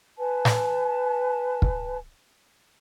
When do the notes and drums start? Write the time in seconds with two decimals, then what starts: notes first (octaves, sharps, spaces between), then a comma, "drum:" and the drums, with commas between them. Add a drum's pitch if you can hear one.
0.18 B4 G#5 A5
0.45 drum: snare
1.62 drum: kick